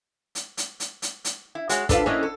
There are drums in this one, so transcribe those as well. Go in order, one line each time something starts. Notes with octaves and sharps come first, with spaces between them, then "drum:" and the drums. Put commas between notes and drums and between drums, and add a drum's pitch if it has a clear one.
drum: hi-hat
drum: hi-hat
drum: hi-hat
drum: hi-hat
drum: hi-hat
E4
G#3 F#4 C#5, drum: hi-hat
D4 F4 A4 B4, drum: kick, hi-hat
A#3 C#4 D4 E4 D#5
A4